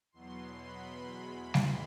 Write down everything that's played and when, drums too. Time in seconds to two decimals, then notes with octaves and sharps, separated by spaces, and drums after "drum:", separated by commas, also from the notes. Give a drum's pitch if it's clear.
0.12 E2 B2 F#3 B3 C6
0.60 B5
1.07 E2 B2 G#3 B5
1.54 C6, drum: snare G3